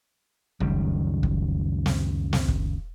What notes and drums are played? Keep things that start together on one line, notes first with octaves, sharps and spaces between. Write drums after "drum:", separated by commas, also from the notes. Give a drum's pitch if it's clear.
C#2 F#2 D#3 G3, drum: kick
drum: kick
drum: snare
drum: snare
drum: kick